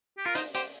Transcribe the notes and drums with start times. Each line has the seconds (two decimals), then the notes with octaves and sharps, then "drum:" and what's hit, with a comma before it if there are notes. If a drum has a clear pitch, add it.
0.17 G4
0.26 F4 A#4
0.35 D#4 C5, drum: hi-hat
0.55 G4 C5, drum: hi-hat